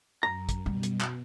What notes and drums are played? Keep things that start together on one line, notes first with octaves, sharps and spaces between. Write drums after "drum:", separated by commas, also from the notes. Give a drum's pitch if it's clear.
F#2 A#5
drum: kick, hi-hat
B2 G3
drum: hi-hat
drum: clap